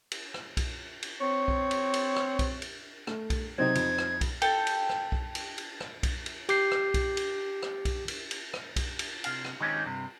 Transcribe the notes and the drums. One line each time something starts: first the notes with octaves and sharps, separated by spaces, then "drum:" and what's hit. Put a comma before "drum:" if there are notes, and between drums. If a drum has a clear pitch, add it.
drum: cymbal
drum: rim click
drum: kick B1, cymbal
drum: cymbal
C4 C#5
drum: kick B1
drum: cymbal
drum: cymbal
drum: rim click
drum: kick B1, cymbal
drum: cymbal
A3, drum: rim click
drum: kick B1, cymbal
C3 F#3 C4 D#4 G#6
F2, drum: cymbal
drum: rim click
drum: kick B1, cymbal
A4 G5 A5, drum: cymbal
drum: cymbal
drum: rim click
drum: kick B1
drum: cymbal
drum: cymbal
drum: rim click
drum: kick B1, cymbal
drum: cymbal
G4 D6 G6 C7, drum: cymbal
drum: rim click
drum: kick B1, cymbal
drum: cymbal
drum: rim click
drum: kick B1, cymbal
drum: cymbal
drum: cymbal
drum: rim click
drum: kick B1, cymbal
drum: cymbal
C3 F5, drum: cymbal
drum: rim click
D#3 G#3 C4 C#4 F#4 G4
G2 C3